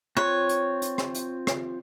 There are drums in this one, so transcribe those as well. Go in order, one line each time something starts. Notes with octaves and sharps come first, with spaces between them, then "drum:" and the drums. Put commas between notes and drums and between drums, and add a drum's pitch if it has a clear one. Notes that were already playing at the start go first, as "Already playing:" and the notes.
C4 F4 C#5 F#6
drum: hi-hat
drum: hi-hat
drum: rim click
drum: hi-hat
drum: rim click